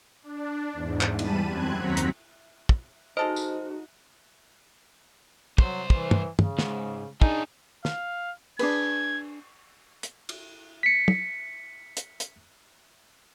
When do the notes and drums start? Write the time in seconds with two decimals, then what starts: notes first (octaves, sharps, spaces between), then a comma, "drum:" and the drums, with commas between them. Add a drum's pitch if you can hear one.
0.23 D4
0.74 E2 G#2
1.01 drum: clap
1.19 E2 G3 A5 B5 D#7, drum: cymbal
1.48 F#2 C4 F#6 G#6
1.76 D#2 F#3 C4 F#5 A#5 B6
1.97 drum: hi-hat
2.69 drum: kick
3.17 G#3 D#4 F#4 A4 C5 D#5
3.36 drum: tambourine
5.58 C2 F#3 C5, drum: kick
5.90 E3, drum: kick
6.11 drum: tom
6.39 C#3, drum: tom
6.59 G#2, drum: snare
7.22 D4 D#4 G#4, drum: kick
7.85 F5, drum: snare
8.59 D4 G#4 B4 G#6, drum: cymbal
10.03 drum: hi-hat
10.29 drum: cymbal
10.83 B6 C#7
11.08 drum: tom
11.97 drum: hi-hat
12.20 drum: hi-hat